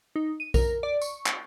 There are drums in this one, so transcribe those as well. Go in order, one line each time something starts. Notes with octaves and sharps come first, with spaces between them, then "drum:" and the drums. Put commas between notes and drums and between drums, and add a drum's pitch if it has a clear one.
D#4
D#7
A#4, drum: kick B1, tambourine
D5
C#6, drum: tambourine
drum: clap